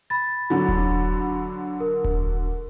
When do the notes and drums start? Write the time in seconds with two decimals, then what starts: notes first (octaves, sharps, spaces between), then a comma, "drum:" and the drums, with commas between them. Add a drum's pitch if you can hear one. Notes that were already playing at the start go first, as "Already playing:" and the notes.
0.10 B5 A6
0.50 D3 F#3
0.68 drum: kick D#1
1.80 A#4
2.04 drum: kick D#1